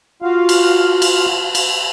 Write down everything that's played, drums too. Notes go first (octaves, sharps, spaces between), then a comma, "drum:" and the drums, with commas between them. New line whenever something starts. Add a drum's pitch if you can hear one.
F4 F#4 F5
drum: cymbal
drum: cymbal
drum: cymbal